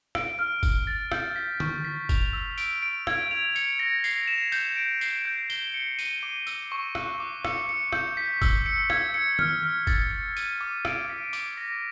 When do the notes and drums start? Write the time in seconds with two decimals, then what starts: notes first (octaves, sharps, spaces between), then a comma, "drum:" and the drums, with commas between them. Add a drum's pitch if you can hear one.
0.15 D7, drum: rim click
0.39 F6
0.63 D7, drum: kick G1, tambourine
0.87 A6
1.12 G6, drum: rim click
1.36 B6
1.60 C#6, drum: tom D3
1.85 B6
2.09 F7, drum: kick G1, tambourine
2.33 E6
2.58 D7, drum: tambourine
2.82 D7
3.07 G#6, drum: rim click
3.31 F7
3.56 C#7, drum: tambourine
3.79 A#6
4.04 C7, drum: tambourine
4.28 E7
4.52 G6, drum: tambourine
4.77 D7
5.01 C7, drum: tambourine
5.25 G6
5.50 G7, drum: tambourine
5.74 C#7
5.99 D#7, drum: tambourine
6.23 D6
6.47 E6, drum: tambourine
6.72 C#6
6.95 F#6, drum: rim click
7.20 D6
7.45 C#7, drum: rim click
7.69 C#7
7.93 G6, drum: rim click
8.17 B6
8.42 E6, drum: kick G1, tambourine
8.66 C#7
8.90 G#6, drum: rim click
9.14 C#7
9.39 F6, drum: tom D#3
9.63 F6
9.87 A6, drum: kick G1, tambourine
10.12 C#7
10.37 D#7, drum: tambourine
10.61 D6
10.85 D7, drum: rim click
11.09 B6
11.33 D6, drum: tambourine
11.58 A#6